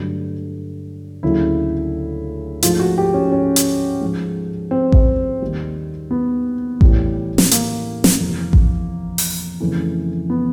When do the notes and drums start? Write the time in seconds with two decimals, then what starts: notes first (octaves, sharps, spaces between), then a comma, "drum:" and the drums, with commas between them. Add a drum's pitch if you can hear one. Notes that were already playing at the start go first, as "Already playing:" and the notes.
Already playing: G2 D3 F#3 A3
1.23 D2 C#3 F#3 A#3 E4
2.62 G#2 F3 A3 F4, drum: hi-hat
2.80 F#4
2.98 G4
3.14 C#4
3.32 C#4
3.56 drum: hi-hat
4.01 G#2 F3 G#3
4.71 C4
4.92 drum: kick A1
5.42 D#2 D#3 G3
6.11 B3
6.81 A2 E3 G3, drum: kick A1
7.38 drum: snare
7.51 A#3, drum: hi-hat
8.04 drum: snare
8.20 F2 C3 E3
8.53 drum: kick A1
9.18 drum: open hi-hat
9.60 F2 C#3 E3 A3
10.30 B3